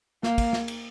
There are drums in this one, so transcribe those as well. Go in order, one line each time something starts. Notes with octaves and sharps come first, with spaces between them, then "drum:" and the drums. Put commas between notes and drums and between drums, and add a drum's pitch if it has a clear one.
A#3, drum: snare
drum: kick, cymbal
drum: snare
drum: cymbal